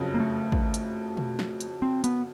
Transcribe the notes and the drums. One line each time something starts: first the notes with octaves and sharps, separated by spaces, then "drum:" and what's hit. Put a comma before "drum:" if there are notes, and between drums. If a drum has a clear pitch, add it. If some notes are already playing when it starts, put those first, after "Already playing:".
Already playing: F#1 F2 C#3 F#3
A#3
A3
drum: kick
drum: hi-hat
drum: tom B2
drum: snare
drum: hi-hat
C4
B3, drum: hi-hat